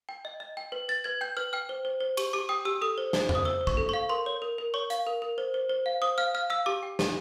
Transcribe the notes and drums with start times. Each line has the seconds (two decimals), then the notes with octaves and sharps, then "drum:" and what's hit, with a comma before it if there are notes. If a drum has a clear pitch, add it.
0.09 G5
0.25 D#5
0.40 D#5
0.57 G5
0.72 B4
0.89 B4 A6
1.04 B4 G#6
1.21 G5 G6
1.37 B4 F6
1.53 G5 F6
1.69 C5
1.85 C5
2.00 C5
2.17 G4 C#6, drum: cymbal
2.33 G4 D6
2.49 G5 D#6
2.65 G4 E6
2.82 A4 D#6
2.98 C5
3.13 C5, drum: snare
3.29 C5, drum: tom F2
3.35 D#6
3.45 C5 E6
3.61 C5
3.67 C#6, drum: kick
3.77 A4
3.89 F5 C#6
4.09 A#4 C6
4.26 C#5
4.42 A#4
4.58 A#4
4.74 C#5 C#6
4.90 F5, drum: hi-hat
5.06 A#4
5.22 A#4
5.38 C5
5.54 C5
5.70 C5
5.86 F5
6.02 C5 D#6
6.18 F5 F6
6.35 F5 F6
6.50 F5 E6
6.66 G4 D6
6.83 G5
6.99 G4, drum: snare